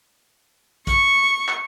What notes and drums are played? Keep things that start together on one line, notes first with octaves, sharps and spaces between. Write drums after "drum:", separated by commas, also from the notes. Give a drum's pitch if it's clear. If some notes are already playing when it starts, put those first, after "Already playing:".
C#6, drum: kick, hi-hat
drum: clap